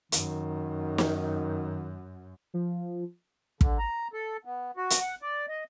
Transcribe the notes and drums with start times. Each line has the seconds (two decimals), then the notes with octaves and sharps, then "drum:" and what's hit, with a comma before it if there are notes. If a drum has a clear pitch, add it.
0.12 F#2 D#3, drum: hi-hat
0.98 drum: snare
2.54 F3
3.61 D3, drum: kick
3.79 A#5
4.13 A4
4.45 B3
4.77 F#4
4.90 drum: hi-hat
5.00 F#5
5.22 D5
5.48 D#5